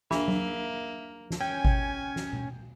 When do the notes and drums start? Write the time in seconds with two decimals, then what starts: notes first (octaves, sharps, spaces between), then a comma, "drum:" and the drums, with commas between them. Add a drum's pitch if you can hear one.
0.11 A#3 D4 G#4 E5 B5, drum: snare
0.28 drum: tom F#3
1.30 drum: snare
1.41 C#4 G5 G#5
1.65 drum: kick G#1
2.16 drum: snare
2.33 drum: tom B2